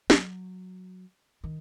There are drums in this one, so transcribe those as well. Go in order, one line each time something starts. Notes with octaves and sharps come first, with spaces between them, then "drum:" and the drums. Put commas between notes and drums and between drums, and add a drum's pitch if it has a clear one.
F#3, drum: snare
D#3